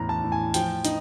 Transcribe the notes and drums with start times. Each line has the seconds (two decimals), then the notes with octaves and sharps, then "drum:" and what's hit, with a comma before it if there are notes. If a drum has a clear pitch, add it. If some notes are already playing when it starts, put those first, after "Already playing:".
Already playing: E2 A2 E3 A#5
0.09 A5
0.24 A2
0.32 G#5
0.54 F3 G5, drum: hi-hat
0.85 D#4, drum: hi-hat